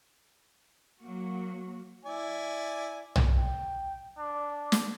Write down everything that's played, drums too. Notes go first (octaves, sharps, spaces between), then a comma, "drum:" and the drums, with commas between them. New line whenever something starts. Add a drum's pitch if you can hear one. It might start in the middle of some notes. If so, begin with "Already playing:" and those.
F#3 A#3 F#4
E4 D5 G#5
drum: tom B1
G5
D4
drum: snare